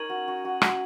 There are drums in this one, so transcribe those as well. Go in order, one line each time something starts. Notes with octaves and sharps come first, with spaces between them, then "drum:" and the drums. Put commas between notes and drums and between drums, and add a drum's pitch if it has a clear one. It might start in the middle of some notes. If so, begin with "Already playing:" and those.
Already playing: C#4 D#4 A#4 G#6 D#7 F#7
F#4
F#4
F#4
F#4, drum: rim click